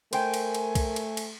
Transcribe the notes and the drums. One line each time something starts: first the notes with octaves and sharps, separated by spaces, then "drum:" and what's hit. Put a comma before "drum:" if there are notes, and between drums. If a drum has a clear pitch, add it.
A3 A#4 C5 G5 G#5, drum: cymbal
drum: cymbal
drum: cymbal
drum: kick C2, cymbal
drum: cymbal
drum: cymbal